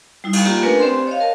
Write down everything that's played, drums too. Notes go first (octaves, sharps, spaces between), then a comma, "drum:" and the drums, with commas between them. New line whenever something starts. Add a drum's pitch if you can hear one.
G3 D#4 E4
drum: cymbal
A#3 F4 G4
A3 C#4 D4 A#4 B4 G#5
C4 G4 C5 D5 C6
C#5 D#5 F5
A#4 D#5 A5